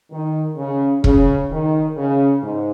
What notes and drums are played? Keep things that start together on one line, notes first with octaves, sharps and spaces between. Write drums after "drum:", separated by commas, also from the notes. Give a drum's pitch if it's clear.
D#3
C#3
C#3, drum: kick E1
D#3
C#3
G#2